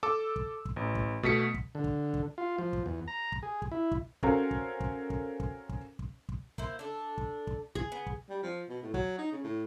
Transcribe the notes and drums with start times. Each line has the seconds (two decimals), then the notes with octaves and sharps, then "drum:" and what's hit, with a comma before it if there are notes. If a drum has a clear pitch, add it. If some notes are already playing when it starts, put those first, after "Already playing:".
0.03 A4 D6 E6
0.36 drum: kick
0.65 drum: kick
0.76 A1
0.95 drum: kick
1.23 B2 A3 B6 C#7, drum: kick
1.54 drum: kick
1.75 D3
1.84 drum: kick
2.14 drum: kick
2.38 F4
2.58 F3
2.73 drum: kick
2.86 E2
3.08 A#5
3.32 drum: kick
3.43 G#4
3.62 drum: kick
3.72 E4
3.92 drum: kick
4.23 C4 C#4 F#4 A4 A#4 F5, drum: kick
4.51 drum: kick
4.80 drum: kick
5.10 drum: kick
5.40 drum: kick
5.69 drum: kick
5.99 drum: kick
6.29 drum: kick
6.58 A#3 E4 C5, drum: kick
6.79 D4 A4
7.18 drum: kick
7.47 drum: kick
7.75 G#4, drum: kick
7.92 B3
8.07 drum: kick
8.30 G3
8.43 F3
8.69 B2
8.83 A2
8.94 F#3, drum: kick
9.18 D#4
9.32 C#3
9.44 A2